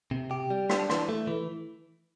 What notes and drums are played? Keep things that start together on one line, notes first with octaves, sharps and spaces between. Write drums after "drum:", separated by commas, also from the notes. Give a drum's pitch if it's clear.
C3
G4
G3
D4, drum: rim click
E3, drum: rim click
A3
E3